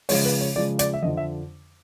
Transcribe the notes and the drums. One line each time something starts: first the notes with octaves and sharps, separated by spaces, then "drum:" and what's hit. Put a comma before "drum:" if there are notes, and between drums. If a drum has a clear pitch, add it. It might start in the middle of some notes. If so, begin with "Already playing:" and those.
C#3 F3 G#3 C#5, drum: open hi-hat
B4
C#5
C#3 F3 G#3 D5
D5, drum: hi-hat
E5
F2 D3 F3 D#5
E5